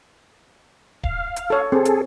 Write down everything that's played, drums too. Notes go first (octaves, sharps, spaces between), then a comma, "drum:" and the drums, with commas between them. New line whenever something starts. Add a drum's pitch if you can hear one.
F5, drum: kick D1
drum: hi-hat
A4 C#5
C4 G#4 A4
drum: hi-hat